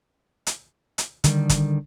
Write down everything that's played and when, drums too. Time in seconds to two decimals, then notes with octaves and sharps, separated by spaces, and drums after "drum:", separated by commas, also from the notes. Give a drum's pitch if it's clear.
0.47 drum: hi-hat
0.98 drum: hi-hat
1.24 D3 D#3 G3, drum: hi-hat
1.49 drum: kick, hi-hat